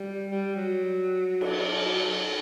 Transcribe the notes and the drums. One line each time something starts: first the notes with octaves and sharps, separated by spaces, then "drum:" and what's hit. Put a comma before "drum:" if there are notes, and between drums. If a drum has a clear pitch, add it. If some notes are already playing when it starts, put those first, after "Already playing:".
Already playing: G3
G3
F#3
drum: cymbal
F#3